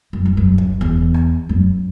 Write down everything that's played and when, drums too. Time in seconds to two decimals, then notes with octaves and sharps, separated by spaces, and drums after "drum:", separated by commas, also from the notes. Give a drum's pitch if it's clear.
0.13 F#2
0.25 G2
0.37 F#2
0.58 drum: kick
0.81 E2
1.14 drum: rim click
1.49 F#2